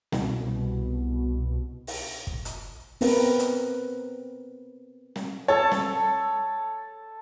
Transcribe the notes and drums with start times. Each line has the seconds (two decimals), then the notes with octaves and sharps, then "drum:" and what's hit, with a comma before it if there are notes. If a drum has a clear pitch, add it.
0.12 C2 B2, drum: snare
1.87 drum: open hi-hat
2.27 drum: kick
2.45 drum: hi-hat
3.01 B3 C4 A#4 B4, drum: open hi-hat
3.39 drum: hi-hat
5.16 drum: snare
5.48 A4 C#5 A5
5.71 drum: snare